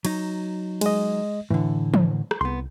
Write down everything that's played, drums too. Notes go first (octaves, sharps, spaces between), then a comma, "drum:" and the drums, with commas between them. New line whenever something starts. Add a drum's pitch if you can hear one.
F#3 D#4, drum: cymbal
G#3 D#5, drum: cymbal
A2 D3 E3
drum: tom E3
drum: rim click
C2 B3 C6